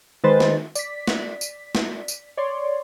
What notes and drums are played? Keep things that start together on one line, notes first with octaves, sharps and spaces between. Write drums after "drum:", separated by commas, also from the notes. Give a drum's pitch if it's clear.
D#3 G#3 B4 C5 A6
drum: snare
D5 B6, drum: tambourine
drum: snare
drum: tambourine
drum: snare
drum: tambourine
C#5 D5 C6